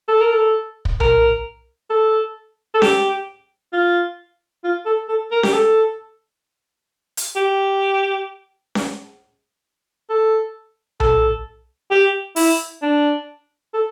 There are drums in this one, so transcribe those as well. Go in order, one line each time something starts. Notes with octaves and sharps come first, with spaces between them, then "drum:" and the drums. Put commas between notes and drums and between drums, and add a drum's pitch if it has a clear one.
A4
A#4
A4
drum: kick
A#4, drum: tom B1
A4
A4
G4, drum: snare C#4
F4
F4
A4
A4
A#4
G4, drum: snare C#4
A4
drum: hi-hat
G4
drum: snare C#4
A4
A4, drum: tom B1
G4
E4, drum: open hi-hat
D4
A4